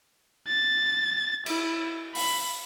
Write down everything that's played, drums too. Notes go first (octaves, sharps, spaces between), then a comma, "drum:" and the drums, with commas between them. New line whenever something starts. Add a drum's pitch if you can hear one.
A6
E4, drum: cymbal
B5, drum: open hi-hat